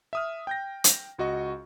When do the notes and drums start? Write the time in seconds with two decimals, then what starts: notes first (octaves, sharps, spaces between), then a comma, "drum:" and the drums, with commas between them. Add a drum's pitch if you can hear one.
0.13 E5 D#6 F6
0.47 G5 G6 A#6
0.84 drum: hi-hat
1.18 C#2 F#4 D#5 C#6